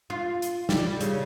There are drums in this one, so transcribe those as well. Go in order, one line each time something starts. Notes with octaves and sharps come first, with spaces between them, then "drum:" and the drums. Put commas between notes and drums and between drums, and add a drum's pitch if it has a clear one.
F4
drum: hi-hat
G3, drum: snare
C#3, drum: hi-hat